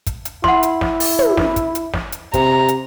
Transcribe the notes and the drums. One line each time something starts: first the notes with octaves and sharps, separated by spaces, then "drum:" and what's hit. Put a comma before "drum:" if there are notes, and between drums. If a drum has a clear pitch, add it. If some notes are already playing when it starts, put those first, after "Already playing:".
drum: kick, hi-hat
drum: hi-hat
E4 F#5 C6, drum: snare
drum: hi-hat
drum: snare
drum: open hi-hat
drum: tom
drum: snare
drum: kick, hi-hat
drum: hi-hat
drum: snare
drum: hi-hat
C3 A#5, drum: kick, hi-hat
drum: hi-hat